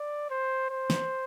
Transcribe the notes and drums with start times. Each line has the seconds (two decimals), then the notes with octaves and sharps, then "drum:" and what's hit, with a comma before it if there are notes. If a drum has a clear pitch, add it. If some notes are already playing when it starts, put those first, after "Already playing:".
Already playing: D5
0.30 C5
0.70 C5
0.90 drum: snare